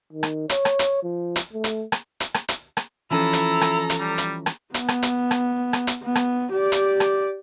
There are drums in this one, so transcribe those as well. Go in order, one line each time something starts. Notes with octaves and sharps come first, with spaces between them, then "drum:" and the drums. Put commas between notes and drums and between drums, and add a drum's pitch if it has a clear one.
D#3
drum: rim click
C#5, drum: hi-hat
drum: rim click
drum: hi-hat
F3
drum: hi-hat
A3
drum: hi-hat
drum: rim click
drum: hi-hat
drum: rim click
drum: hi-hat
drum: rim click
E3 F3 C#4 E4 A4 A#5
drum: hi-hat
drum: rim click
drum: hi-hat
G3
drum: hi-hat
drum: rim click
B3, drum: hi-hat
drum: rim click
drum: hi-hat
drum: rim click
drum: rim click
drum: hi-hat
B3
drum: rim click
G4 D5
drum: hi-hat
drum: rim click